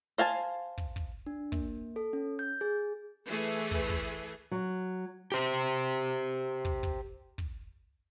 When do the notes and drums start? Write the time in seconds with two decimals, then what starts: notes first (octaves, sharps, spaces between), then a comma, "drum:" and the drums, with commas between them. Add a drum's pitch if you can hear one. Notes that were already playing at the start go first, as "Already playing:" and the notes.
0.18 C5 F5 G#5 A5
0.78 drum: kick
0.96 drum: kick
1.26 D4
1.52 A#3, drum: kick
1.96 A4
2.13 C#4
2.39 G6
2.61 G#4
3.28 E3 A3 G#4
3.71 drum: kick
3.89 drum: kick
4.51 F#3
5.32 G4 C5
6.65 drum: kick
6.83 drum: kick
7.38 drum: kick